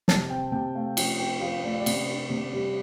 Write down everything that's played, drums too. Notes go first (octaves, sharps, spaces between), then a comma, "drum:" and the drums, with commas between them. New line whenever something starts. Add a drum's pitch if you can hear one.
C3 A5, drum: snare
C4 G5
C3 G5
A3 F5
F3 G5, drum: cymbal
C4 G5
F3 F5
A3 D5
F5
D5
C3, drum: cymbal
D4
C3
G3